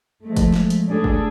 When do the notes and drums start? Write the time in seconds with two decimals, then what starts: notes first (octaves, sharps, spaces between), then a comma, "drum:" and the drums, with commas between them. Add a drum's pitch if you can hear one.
0.24 F3 G#3 A3
0.37 drum: kick, hi-hat
0.53 drum: snare
0.70 drum: hi-hat
0.87 A2 D4 G#4 A4
1.04 drum: kick